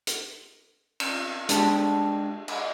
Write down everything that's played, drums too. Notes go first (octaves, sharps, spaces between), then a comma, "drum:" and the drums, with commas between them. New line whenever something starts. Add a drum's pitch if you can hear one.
drum: hi-hat
drum: cymbal
G#3 D4 G4 A4, drum: hi-hat
drum: cymbal